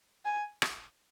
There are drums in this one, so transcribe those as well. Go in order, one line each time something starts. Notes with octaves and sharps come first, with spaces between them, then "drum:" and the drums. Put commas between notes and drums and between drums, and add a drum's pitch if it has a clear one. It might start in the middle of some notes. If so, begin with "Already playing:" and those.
G#5
drum: rim click